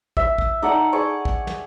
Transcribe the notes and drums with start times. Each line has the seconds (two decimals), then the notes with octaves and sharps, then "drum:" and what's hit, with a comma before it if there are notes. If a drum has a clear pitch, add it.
0.17 E5, drum: kick
0.38 drum: kick
0.62 D#4 A4 D5 F#5
0.93 G#4 D5 C#6 D6
1.25 drum: kick
1.47 drum: snare